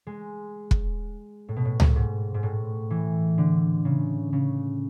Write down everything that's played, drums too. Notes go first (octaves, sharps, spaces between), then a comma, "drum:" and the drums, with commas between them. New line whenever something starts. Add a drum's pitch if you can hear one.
G#3
drum: kick
A2
B2
A2
drum: tom C#2
G#2
G#2
A2
E3
D3
C#3
C#3